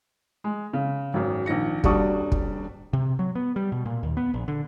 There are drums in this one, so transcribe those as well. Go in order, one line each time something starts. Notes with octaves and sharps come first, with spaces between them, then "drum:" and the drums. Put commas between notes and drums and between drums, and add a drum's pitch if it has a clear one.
G#3
C#3
G#1 F#2
A#1 D#3 A#6 C#7
D#1 G3 D4 F#4 C#6 D#6, drum: kick
drum: kick
C3
F#3
B3
G3
B2
A#2
D#2
B3
A#1
D3